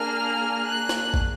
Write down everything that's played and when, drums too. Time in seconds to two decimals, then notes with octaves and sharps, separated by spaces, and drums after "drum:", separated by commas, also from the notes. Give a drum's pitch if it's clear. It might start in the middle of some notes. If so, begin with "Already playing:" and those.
Already playing: A#3 D4 G#4 F6
0.65 F#6
0.89 drum: snare
1.14 drum: kick